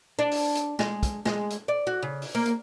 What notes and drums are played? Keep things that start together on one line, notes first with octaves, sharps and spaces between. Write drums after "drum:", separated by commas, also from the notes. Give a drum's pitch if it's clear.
D4
drum: open hi-hat
drum: hi-hat
G#3, drum: snare
drum: kick, hi-hat
G#3, drum: snare
drum: hi-hat
D5
F#4
C#3
drum: open hi-hat
A#3
drum: hi-hat